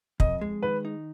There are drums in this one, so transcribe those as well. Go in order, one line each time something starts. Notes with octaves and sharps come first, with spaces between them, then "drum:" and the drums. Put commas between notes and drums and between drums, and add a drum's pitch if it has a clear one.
F2 D#5, drum: kick
G#3
D#3 B4
D#4